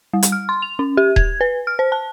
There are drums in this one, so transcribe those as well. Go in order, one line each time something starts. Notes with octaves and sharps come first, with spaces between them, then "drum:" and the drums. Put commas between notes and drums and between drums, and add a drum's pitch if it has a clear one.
G3
drum: hi-hat
F6
C6
F7
C#4
G4
G#6, drum: kick D#1
B4
F6
C5
A5